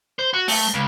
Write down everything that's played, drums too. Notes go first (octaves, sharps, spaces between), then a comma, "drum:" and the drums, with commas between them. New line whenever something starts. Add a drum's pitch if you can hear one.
C5
F#4
A3, drum: open hi-hat
C#2